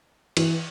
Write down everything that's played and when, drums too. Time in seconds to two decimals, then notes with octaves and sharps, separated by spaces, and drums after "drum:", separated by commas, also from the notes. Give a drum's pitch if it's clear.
0.37 E3, drum: cymbal